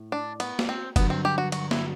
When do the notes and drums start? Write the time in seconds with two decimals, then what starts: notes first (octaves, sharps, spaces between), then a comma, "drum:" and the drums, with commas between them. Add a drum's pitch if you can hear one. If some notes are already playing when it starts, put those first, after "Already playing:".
Already playing: A2
0.12 D4
0.40 B3, drum: cymbal
0.59 drum: snare
0.69 C4
0.96 G2 D3 F#3 B3, drum: kick F#1, cymbal
1.10 C4
1.25 G4
1.38 F#4
1.52 F#4, drum: cymbal
1.71 E4, drum: snare